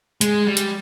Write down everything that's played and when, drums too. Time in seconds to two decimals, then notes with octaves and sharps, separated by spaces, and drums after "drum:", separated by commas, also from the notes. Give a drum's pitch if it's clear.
0.21 G#3, drum: hi-hat
0.45 G3
0.57 drum: hi-hat